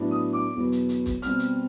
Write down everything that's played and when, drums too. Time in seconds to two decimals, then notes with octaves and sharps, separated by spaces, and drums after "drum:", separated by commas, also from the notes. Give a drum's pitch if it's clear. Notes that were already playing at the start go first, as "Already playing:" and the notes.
Already playing: A2 F#3 B3 D4
0.11 D#6
0.33 D6
0.55 E2 B2 F#3 B3
0.72 drum: hi-hat
0.89 drum: hi-hat
1.06 drum: kick, hi-hat
1.22 B2 G3 C4 F6, drum: hi-hat
1.39 drum: hi-hat